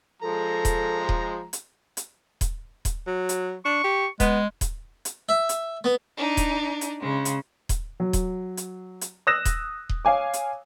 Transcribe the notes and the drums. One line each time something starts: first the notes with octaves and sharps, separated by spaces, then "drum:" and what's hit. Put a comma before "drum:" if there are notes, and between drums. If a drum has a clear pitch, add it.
F3 G#3 A4 A#5
drum: kick D#1, hi-hat
drum: kick D#1
drum: hi-hat
drum: hi-hat
drum: kick D#1, hi-hat
drum: kick D#1, hi-hat
F#3
drum: hi-hat
D4 C#6
G4
G#3 B3, drum: kick D#1, hi-hat
drum: kick D#1, hi-hat
drum: hi-hat
E5
drum: hi-hat
B3
D4 D#4
drum: kick D#1, hi-hat
drum: hi-hat
C#3 G#3
drum: hi-hat
drum: kick D#1, hi-hat
F#3
drum: kick D#1, hi-hat
drum: hi-hat
drum: hi-hat
D#6 E6 F#6 A#6 E7
drum: kick D#1, hi-hat
drum: kick D#1
C#5 F5 G#5 D6
drum: hi-hat